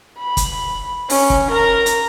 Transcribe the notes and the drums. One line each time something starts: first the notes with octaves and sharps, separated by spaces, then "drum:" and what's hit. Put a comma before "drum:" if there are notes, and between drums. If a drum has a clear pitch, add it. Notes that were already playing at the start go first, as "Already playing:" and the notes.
B5
drum: kick, hi-hat
C#4, drum: open hi-hat
drum: kick
A#4 A#5
drum: hi-hat